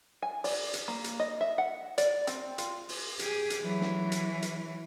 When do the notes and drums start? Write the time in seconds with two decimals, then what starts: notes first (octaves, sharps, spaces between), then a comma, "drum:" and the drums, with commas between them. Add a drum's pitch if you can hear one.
0.22 G#5
0.44 D5, drum: open hi-hat
0.73 drum: hi-hat
0.88 A#3
1.04 drum: hi-hat
1.20 D#5
1.41 E5
1.58 F#5
1.98 D5, drum: hi-hat
2.27 C4, drum: hi-hat
2.58 F4, drum: hi-hat
2.89 drum: open hi-hat
3.19 G4 G#4, drum: hi-hat
3.50 drum: hi-hat
3.62 E3 F#3
3.81 drum: snare
4.12 drum: hi-hat
4.42 drum: hi-hat